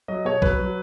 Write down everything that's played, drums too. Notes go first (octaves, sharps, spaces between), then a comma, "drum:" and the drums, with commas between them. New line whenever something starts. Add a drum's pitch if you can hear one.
F#3 D#5
B2 C#5
F#3 B4, drum: kick B1
F#3